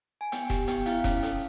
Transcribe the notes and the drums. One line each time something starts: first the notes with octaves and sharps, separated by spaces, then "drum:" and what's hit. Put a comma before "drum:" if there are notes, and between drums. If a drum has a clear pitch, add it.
G#5
B3 G5, drum: hi-hat
G4, drum: kick E1, hi-hat
B3 G5, drum: hi-hat
E4 F5, drum: hi-hat
C#4, drum: kick E1, hi-hat
A4, drum: hi-hat